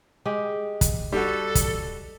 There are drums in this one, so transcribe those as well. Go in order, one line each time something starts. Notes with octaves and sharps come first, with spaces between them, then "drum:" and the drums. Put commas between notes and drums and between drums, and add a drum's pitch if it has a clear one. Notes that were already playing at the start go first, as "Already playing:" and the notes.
G#3 G4
drum: kick, hi-hat
G3 F#4 A4
drum: kick, hi-hat